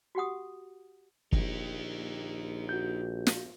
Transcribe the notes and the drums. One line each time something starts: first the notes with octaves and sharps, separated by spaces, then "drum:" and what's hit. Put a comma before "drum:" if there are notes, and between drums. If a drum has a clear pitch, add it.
F#4 G4 F#5 D#6
A#1 D#4 G4, drum: kick
F#4 G6
drum: snare